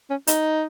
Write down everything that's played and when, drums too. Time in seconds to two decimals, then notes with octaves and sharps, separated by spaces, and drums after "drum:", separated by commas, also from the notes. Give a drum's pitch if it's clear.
0.10 C#4
0.27 D#4, drum: hi-hat